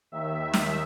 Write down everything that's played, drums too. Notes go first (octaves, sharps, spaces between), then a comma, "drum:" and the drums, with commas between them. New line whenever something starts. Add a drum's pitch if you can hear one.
D#2 D#3 E5
drum: snare